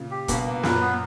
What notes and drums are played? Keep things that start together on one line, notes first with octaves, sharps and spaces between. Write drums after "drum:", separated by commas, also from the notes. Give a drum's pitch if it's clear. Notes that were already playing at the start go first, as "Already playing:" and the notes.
Already playing: A#2 C#3
G4
G2 B2 A#3, drum: kick, hi-hat
A#3
F#2 A#2 B4, drum: snare
B3